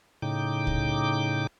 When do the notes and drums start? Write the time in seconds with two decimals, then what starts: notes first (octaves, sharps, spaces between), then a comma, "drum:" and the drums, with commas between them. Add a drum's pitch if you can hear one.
0.22 A2 C#3 D#4 G5 D6
0.67 drum: kick